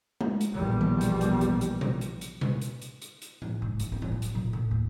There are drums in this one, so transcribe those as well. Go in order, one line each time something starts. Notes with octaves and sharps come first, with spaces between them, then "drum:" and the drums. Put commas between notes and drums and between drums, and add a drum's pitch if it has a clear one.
drum: tom G#3
drum: hi-hat
A#1 E2 B2 G3
drum: tom D#3
drum: hi-hat
drum: hi-hat
drum: hi-hat
drum: hi-hat
drum: tom B2
drum: hi-hat
drum: hi-hat
drum: tom B2
drum: hi-hat
drum: hi-hat
drum: hi-hat
drum: hi-hat
drum: tom A2
G#2
E3, drum: hi-hat
C4
drum: tom A2
F#3
drum: hi-hat
A#2
A2
D#2